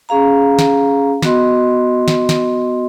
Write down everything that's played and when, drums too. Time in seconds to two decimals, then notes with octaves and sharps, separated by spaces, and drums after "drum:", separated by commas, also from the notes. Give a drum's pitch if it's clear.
0.09 C#4 G#4 F5 A#5
0.59 drum: snare
1.22 B3 F#4 D#5 C6, drum: snare
2.08 drum: snare
2.29 drum: snare